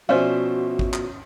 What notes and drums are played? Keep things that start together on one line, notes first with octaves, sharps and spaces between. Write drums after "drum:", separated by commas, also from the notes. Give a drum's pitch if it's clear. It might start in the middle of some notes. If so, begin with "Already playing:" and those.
B2 F3 C#4 F#4 C5 D5 E5
drum: kick
drum: clap